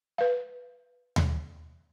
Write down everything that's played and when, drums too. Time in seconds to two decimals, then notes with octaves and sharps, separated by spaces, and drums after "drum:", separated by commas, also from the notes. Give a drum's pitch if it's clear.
0.18 B4 F5
1.16 drum: tom D#2